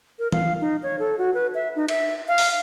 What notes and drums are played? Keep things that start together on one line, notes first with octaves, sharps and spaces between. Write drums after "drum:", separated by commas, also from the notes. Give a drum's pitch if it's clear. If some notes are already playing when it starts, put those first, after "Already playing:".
A#4
F5, drum: tom E3
D#4
C#5
A4
F#4
B4
E5
D#4
E5, drum: cymbal
F5
drum: open hi-hat